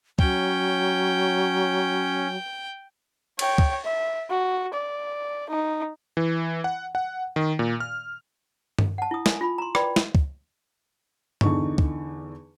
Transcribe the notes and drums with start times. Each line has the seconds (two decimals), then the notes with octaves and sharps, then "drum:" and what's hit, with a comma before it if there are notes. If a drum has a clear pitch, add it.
0.19 F#3 C#4 G5, drum: kick
3.39 C#5 G5, drum: cymbal
3.58 drum: kick
3.84 E5
4.30 F#4
4.73 D5
5.49 D#4
6.17 E3
6.64 F#5
6.95 F#5
7.36 D#3
7.59 A#2
7.80 F6
8.79 drum: tom G2
8.98 F#5 A5
9.11 E4 D#6
9.26 G#5, drum: snare
9.41 F4 B5
9.58 A#5 C6
9.75 B4 D5 G5 B5, drum: rim click
9.96 drum: snare
10.15 drum: kick
11.41 E2 D3 D#4 C#6, drum: tom G2
11.78 drum: kick